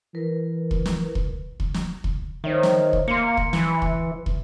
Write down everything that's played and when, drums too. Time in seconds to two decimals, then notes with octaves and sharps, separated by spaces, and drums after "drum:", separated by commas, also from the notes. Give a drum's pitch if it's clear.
0.15 E3 A#4 B4
0.71 drum: kick
0.86 drum: snare
1.15 drum: kick
1.60 drum: kick
1.74 drum: snare
2.04 drum: kick
2.44 D#3 C5 C#5 E5
2.63 drum: snare
2.93 drum: kick
3.08 A#3 C6 C#7
3.37 drum: kick
3.53 E3, drum: snare
3.82 drum: kick
4.26 drum: kick